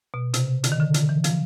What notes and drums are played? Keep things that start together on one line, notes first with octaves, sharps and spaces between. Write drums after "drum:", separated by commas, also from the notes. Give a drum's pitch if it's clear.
B2
C3, drum: hi-hat
D3, drum: hi-hat
D#3
D3
D3, drum: hi-hat
E3
F3, drum: hi-hat